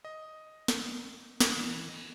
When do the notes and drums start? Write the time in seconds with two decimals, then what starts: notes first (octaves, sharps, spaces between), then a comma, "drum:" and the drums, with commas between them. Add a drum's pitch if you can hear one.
0.05 D#5
0.68 drum: snare
1.40 drum: snare
1.57 E3
1.89 A4 D#5